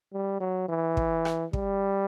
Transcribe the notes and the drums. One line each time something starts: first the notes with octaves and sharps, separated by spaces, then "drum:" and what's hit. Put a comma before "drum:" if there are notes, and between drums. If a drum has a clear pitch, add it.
G3
F#3
E3
drum: kick
drum: rim click
G3, drum: kick